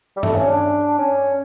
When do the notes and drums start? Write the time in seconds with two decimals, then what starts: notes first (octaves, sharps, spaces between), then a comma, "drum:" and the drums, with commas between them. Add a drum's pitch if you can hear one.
0.17 G3
0.23 A3, drum: tom G2
0.35 C#4
0.49 D4
0.98 C#4